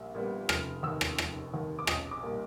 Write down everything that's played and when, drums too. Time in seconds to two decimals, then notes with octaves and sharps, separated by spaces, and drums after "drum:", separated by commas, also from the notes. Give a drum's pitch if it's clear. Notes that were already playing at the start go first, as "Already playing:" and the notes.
Already playing: A#1 A#2 G3
0.15 A#2 G3 B3
0.49 F1 F6, drum: rim click
0.83 D#2 D#3 E6
1.01 drum: rim click
1.18 F1, drum: rim click
1.53 D#2 D#3
1.79 D6
1.87 B1 D#6, drum: rim click
2.11 D6
2.23 A#2 G3 A#3